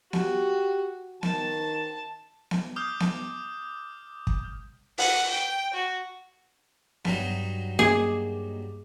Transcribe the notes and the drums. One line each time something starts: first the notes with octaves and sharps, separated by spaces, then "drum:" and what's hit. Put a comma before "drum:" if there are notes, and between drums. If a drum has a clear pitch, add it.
F#4 G4, drum: snare B3
D#3 A5, drum: snare B3
drum: snare B3
D6 D#6 F6 G6
drum: snare B3
drum: kick
F#5, drum: open hi-hat
G5
F#4
G2 F#3 D#4, drum: snare B3
A#3 G#4 D#5 D6